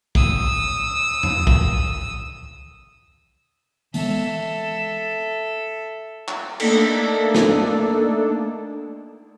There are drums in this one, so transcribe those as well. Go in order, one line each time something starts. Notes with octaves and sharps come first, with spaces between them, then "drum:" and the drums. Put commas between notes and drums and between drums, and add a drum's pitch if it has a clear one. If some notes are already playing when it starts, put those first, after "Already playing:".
D#6 E6, drum: kick
drum: tom E2
drum: kick
E3 G#3 B3 A4 E5, drum: open hi-hat
drum: clap
A3 A#3 D4 D#4 A4, drum: cymbal
drum: snare